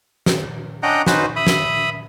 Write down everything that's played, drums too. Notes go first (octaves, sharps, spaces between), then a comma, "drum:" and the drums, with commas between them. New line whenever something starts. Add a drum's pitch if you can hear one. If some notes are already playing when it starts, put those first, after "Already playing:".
drum: snare
C#4 D4 D#5 F#5 G5 A#5
C#4 D#4 F#4 B4 C5, drum: snare
E5 B5 D#6
drum: snare